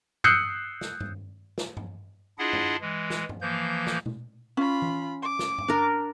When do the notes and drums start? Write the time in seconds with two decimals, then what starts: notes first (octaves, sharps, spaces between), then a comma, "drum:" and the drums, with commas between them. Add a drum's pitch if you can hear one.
0.24 D#6 E6 F#6 G6 C7 C#7, drum: tom G2
0.81 drum: snare
1.00 drum: tom G2
1.58 drum: snare
1.77 drum: tom G2
2.38 D4 E4 F4 G#4 D#5 F#5
2.53 drum: tom G2
2.81 E3 G#3
3.10 drum: snare
3.29 drum: tom G2
3.41 E3 F3 A#3 G6
3.87 drum: snare
4.06 drum: tom B2
4.57 C#4 F4 B5
4.82 drum: tom E3
5.22 D6
5.39 drum: snare
5.58 drum: tom G2
5.68 D4 A#4